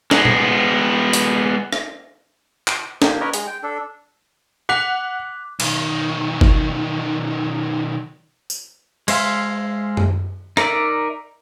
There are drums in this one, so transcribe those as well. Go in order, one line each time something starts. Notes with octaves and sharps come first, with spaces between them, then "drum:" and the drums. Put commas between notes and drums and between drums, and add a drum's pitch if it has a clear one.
G#3 B3, drum: snare
drum: tom A#2
drum: hi-hat
drum: rim click
drum: clap
A#3 G4, drum: snare
A#4 B4 C#5 D#5
G#3 G#4, drum: hi-hat
G5
D4 A4
F#5 D6 F#6 B6 F7
B1 D#3, drum: cymbal
drum: kick
drum: tambourine
G#3 C5 E5 F5, drum: cymbal
drum: tom F#2
D#4 A#4 D5 E5, drum: rim click